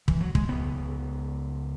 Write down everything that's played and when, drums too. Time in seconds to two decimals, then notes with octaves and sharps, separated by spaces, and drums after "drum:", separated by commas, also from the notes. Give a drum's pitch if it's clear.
0.08 E3, drum: kick
0.20 F#3
0.35 G#3, drum: kick
0.49 C#2 C#3 B3